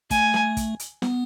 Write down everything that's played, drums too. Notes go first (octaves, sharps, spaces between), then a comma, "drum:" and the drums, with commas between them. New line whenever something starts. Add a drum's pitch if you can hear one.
A3 G#5, drum: kick, hi-hat
drum: snare
drum: kick, hi-hat
drum: hi-hat
B3, drum: snare